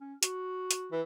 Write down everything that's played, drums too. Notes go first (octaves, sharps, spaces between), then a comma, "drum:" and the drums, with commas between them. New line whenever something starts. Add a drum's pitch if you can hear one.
C#4
F#4, drum: hi-hat
drum: hi-hat
E3